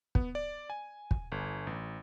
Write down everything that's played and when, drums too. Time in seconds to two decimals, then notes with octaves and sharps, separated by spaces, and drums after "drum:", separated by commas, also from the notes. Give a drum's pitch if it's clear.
0.15 B3, drum: kick
0.35 D5
0.70 G#5
1.11 drum: kick
1.32 G1
1.67 A1